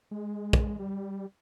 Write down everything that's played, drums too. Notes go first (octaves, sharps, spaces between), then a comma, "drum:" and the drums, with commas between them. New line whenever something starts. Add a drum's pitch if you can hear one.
G#3
drum: kick
G3